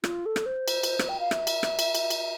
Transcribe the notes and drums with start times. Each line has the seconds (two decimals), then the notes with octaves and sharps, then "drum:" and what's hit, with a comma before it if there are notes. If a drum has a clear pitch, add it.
0.04 F4, drum: rim click
0.26 A4
0.36 drum: rim click
0.46 C5
0.68 drum: cymbal
0.83 drum: cymbal
0.99 drum: rim click
1.09 G5
1.20 F5
1.31 E5, drum: rim click
1.47 drum: cymbal
1.63 drum: rim click
1.79 drum: cymbal
1.95 drum: cymbal
2.10 drum: cymbal